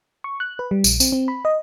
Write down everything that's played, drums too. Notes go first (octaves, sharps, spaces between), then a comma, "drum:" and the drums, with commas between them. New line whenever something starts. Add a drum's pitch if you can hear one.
C#6
F#6
B4
G3
A#1, drum: tambourine
C4, drum: tambourine
C4
B5
D#5